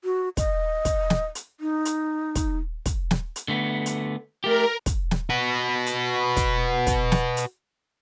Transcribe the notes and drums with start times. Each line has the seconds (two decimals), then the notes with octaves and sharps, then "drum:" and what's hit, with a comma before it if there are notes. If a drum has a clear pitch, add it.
0.04 F#4
0.37 D#5, drum: kick, hi-hat
0.85 drum: kick, hi-hat
1.10 drum: snare
1.35 drum: hi-hat
1.60 D#4
1.85 drum: hi-hat
2.35 drum: kick, hi-hat
2.86 drum: kick, hi-hat
3.11 drum: snare
3.36 drum: hi-hat
3.48 D3 A3 B3
3.86 drum: hi-hat
4.44 A3 G4 A#4
4.86 drum: kick, hi-hat
5.11 drum: snare
5.30 F#4 B4
5.86 drum: hi-hat
6.37 drum: kick, hi-hat
6.87 drum: kick, hi-hat
7.12 drum: snare
7.37 drum: hi-hat